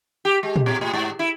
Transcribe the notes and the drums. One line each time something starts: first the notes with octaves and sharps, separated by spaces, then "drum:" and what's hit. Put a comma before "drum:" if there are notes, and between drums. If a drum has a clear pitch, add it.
G4
G#3
drum: tom
B2
A2
G#2
E4